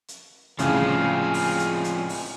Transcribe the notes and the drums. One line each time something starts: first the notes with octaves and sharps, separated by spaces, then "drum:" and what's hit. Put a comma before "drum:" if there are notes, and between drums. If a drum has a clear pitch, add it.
drum: hi-hat
C2 A2 C#3 F3 G#3 F5 G#5, drum: hi-hat
drum: open hi-hat
drum: hi-hat
drum: hi-hat
drum: open hi-hat